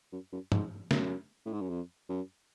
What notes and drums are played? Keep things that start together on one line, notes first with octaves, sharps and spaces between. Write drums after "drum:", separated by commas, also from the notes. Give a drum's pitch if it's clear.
F#2
F#2
G#2, drum: tom G2
F#2, drum: snare
A2
G#2
F#2
F2
F#2